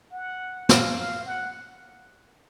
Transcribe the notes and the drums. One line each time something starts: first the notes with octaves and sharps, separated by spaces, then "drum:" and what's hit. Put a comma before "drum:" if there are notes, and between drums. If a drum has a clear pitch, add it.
F#5
F5, drum: snare
F5
F#5